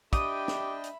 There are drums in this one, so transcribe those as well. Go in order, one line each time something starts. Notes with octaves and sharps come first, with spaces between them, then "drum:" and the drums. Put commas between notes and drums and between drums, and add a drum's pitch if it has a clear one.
D4 G4 D#5 E5 G5 B5 D#6, drum: kick, hi-hat
drum: snare
drum: hi-hat